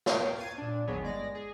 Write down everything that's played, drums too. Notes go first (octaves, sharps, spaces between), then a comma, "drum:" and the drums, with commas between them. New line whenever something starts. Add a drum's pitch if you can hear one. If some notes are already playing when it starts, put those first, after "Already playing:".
C#5 F5 G5, drum: snare
G#6 A6 C7 D#7
A#2 D4
G#1 D#2 F#3 B3 G#4 C#5
G1 G#3 D5 A#6
G#4